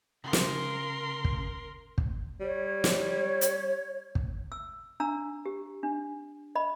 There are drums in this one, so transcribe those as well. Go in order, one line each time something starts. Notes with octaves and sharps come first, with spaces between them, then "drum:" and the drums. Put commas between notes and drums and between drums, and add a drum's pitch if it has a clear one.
C#3 A#4 C6
drum: snare
drum: kick
drum: kick
G3 C#5
drum: snare
drum: hi-hat
drum: kick
E6
D4 A#5 E6
G4
D4
D#5 B5